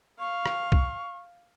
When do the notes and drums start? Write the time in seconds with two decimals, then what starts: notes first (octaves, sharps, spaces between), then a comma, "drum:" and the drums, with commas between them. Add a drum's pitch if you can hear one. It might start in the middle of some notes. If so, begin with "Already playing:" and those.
0.19 F5 C#6
0.46 drum: rim click
0.72 drum: kick